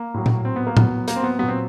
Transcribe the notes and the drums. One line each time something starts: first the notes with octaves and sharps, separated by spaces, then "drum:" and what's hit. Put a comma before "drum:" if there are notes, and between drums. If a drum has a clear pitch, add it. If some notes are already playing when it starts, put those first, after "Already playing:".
Already playing: A#3
A2 F#3
drum: tom A#2
C4
B3
A#3
A2 F#3 B3, drum: tom A2
A#3, drum: hi-hat
C4
B3
A#2 F#3 B3
C4